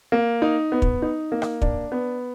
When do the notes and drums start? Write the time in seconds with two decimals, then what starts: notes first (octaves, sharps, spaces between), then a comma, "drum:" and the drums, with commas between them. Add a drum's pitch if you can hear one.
0.12 A#3
0.42 D#4
0.72 B3
0.82 drum: kick
1.02 D#4
1.32 A#3
1.42 drum: rim click
1.62 D4, drum: kick
1.92 B3